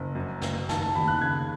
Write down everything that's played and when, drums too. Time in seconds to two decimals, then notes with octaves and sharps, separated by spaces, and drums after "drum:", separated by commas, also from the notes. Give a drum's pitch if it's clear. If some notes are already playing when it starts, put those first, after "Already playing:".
Already playing: F#1
0.15 F#2
0.42 F#1, drum: snare
0.69 D#3 A5, drum: snare
0.82 A5
0.95 D#2 B5
1.08 F#6
1.21 C#3 G#6